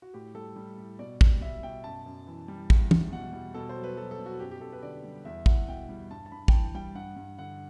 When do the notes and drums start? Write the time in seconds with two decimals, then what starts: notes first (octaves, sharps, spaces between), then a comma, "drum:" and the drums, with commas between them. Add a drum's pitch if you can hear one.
0.02 F#4
0.14 A2 G4
0.35 G3 A4
0.56 G3
0.78 A2
0.99 B2 D5
1.21 G3, drum: kick
1.41 G3 E5
1.63 B2 G5
1.84 F#2 A5
2.06 F#2
2.27 E3
2.48 G3
2.70 E2, drum: kick
2.91 E2, drum: tom
3.12 B2 F#5
3.33 G3
3.54 B2 A4
3.69 C5
3.76 F#3
3.84 B4
3.97 F#3 A4
4.11 A4
4.19 B2
4.26 F#4
4.40 F#2 G4
4.51 G4
4.61 F#2 A4
4.72 B4
4.83 D3 D5
5.04 G3
5.25 E2 E5
5.46 E2 F#5, drum: kick
5.68 B2 G5
5.89 G3
6.11 G2 A5
6.26 A5
6.32 G2 B5
6.48 G5, drum: kick
6.53 E3 A5
6.64 G5
6.74 G3 G5
6.95 G2 F#5
7.16 G2
7.38 D3 F#5